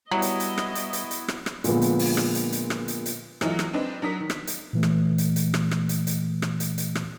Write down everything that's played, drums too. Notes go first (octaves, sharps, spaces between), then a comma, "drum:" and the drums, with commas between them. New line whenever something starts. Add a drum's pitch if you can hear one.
F#3 G3 B3 E4 F#4 D#5
drum: hi-hat
drum: hi-hat
drum: rim click
drum: hi-hat
drum: hi-hat
drum: hi-hat
drum: rim click
drum: rim click
A#2 D3 F3 G#3 B3, drum: hi-hat
drum: hi-hat
drum: open hi-hat
drum: rim click
drum: hi-hat
drum: hi-hat
drum: rim click
drum: hi-hat
drum: hi-hat
E3 F#3 A3 D#4 F4, drum: rim click
drum: rim click
C4 D4 D#4 B4 C5
F#3 D4 A#4 D#6 B6
D#3
drum: rim click
drum: hi-hat
A#2 E3 A3
drum: rim click
drum: hi-hat
drum: hi-hat
drum: rim click
drum: rim click
drum: hi-hat
drum: hi-hat
drum: rim click
drum: hi-hat
drum: hi-hat
drum: rim click